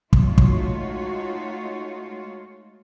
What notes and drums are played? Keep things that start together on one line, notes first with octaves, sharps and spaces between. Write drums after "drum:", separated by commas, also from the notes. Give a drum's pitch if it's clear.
G#3 A3 D#4 F4 F#4 C#5, drum: kick
drum: kick